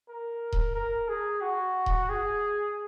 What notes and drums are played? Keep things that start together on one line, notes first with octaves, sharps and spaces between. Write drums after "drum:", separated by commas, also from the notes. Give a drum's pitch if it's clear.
A#4
drum: kick D#1
A#4
G#4
F#4
drum: kick D#1
G#4